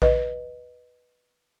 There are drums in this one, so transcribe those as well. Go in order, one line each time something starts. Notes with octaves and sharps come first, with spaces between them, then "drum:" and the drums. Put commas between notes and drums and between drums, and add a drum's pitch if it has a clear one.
B4 D#5, drum: kick A#1